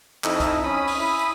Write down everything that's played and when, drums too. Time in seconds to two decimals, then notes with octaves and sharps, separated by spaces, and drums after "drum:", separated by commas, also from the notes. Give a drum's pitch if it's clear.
0.24 F2 D#4 E4, drum: clap
0.40 drum: kick, hi-hat
0.64 C#4 B5 D#6
0.88 drum: open hi-hat
0.98 E4
1.19 drum: hi-hat